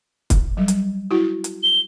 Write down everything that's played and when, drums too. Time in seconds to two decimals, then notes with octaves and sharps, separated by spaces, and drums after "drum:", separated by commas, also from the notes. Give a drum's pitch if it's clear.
0.30 drum: kick, hi-hat
0.57 F#3 G3
0.68 drum: hi-hat
1.11 E4 F#4
1.44 drum: hi-hat
1.63 G7